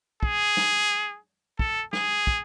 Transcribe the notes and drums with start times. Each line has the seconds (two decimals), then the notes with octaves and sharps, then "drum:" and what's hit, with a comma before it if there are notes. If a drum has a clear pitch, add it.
0.23 G#4, drum: kick
0.57 drum: snare
1.59 A4, drum: kick
1.93 G#4, drum: snare
2.27 drum: kick